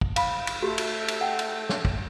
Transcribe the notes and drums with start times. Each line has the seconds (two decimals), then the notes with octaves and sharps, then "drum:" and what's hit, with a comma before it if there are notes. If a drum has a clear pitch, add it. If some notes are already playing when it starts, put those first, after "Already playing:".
0.01 drum: kick
0.16 F5 B5, drum: cymbal
0.47 drum: cymbal
0.62 A3 F#4 G4
0.78 drum: cymbal
1.08 drum: cymbal
1.21 F#5 G5
1.39 drum: cymbal
1.69 drum: snare
1.85 drum: kick